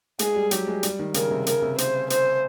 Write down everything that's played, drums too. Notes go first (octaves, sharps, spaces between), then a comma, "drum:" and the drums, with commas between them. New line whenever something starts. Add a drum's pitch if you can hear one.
G#3 G#4, drum: hi-hat
G3
F#3 G4, drum: hi-hat
G#3
G3, drum: hi-hat
D#3
C#3 A#4, drum: hi-hat
C3
C#3 A#4, drum: hi-hat
C3
C5, drum: hi-hat
C5, drum: hi-hat